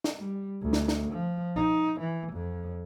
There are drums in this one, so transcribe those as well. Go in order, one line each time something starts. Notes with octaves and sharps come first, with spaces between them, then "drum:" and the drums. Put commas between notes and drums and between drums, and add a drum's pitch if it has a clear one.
drum: snare
G3
D2
drum: snare
drum: snare
F3
D#4
E3
F2